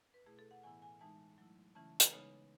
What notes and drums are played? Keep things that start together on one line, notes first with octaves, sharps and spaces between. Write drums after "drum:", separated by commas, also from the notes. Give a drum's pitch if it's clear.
B4
B2 A3 E4 G#4
A4
F#5
A2 E3 B3 E4 G#5
G#5
E3 G#3 D#4 A5
F#3 A3 E4
C#3 E3 A3 C#4 E4 A5
B4, drum: hi-hat
C#3 G#3 B3 D#4 C#5